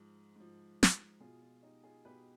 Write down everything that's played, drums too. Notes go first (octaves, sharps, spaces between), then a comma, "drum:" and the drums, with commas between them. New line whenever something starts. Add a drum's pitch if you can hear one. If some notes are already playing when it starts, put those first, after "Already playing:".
Already playing: G#2 F3
G#2 F3
drum: snare
B2 F4 G#4
F4
D#4 G4
F4 G#4
B2 G4 B4